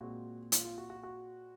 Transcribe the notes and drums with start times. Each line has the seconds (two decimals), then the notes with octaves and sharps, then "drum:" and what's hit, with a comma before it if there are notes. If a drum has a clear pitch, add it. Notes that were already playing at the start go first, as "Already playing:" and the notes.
0.01 A#2 G#3 C4 F#4
0.52 F4, drum: hi-hat
0.65 F4
0.78 F#4
0.90 F#4
1.03 F#4